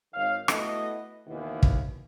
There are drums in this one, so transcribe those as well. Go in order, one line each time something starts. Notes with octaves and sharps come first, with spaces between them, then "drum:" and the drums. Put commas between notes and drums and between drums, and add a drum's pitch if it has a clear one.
G#1 D#3 C#5 F5
A3 B3 E4 F#4 A4 D#5, drum: rim click
D#2 B2 E3
drum: kick